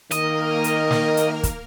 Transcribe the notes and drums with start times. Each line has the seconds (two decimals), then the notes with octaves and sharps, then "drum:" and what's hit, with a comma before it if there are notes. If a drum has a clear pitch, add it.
0.11 D#3 A#3 A#4 D#5 F6, drum: hi-hat
0.64 drum: hi-hat
0.91 drum: snare
1.17 drum: hi-hat
1.43 drum: kick, hi-hat